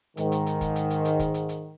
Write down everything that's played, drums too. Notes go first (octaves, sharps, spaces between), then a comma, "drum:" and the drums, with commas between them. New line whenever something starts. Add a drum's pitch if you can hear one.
G#2 D#3, drum: hi-hat
drum: hi-hat
drum: hi-hat
drum: kick F#1, hi-hat
drum: hi-hat
drum: hi-hat
drum: hi-hat
drum: kick F#1, hi-hat
drum: hi-hat
drum: hi-hat